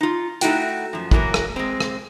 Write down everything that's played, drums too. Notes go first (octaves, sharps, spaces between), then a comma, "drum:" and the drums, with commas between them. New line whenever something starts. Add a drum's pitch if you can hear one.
D#4 F4
A3 D#4 E4 F#4 G5, drum: hi-hat
F#2 F3
E3 F#3 A#3 A4 A#4, drum: kick
drum: rim click
G#3 C4
drum: rim click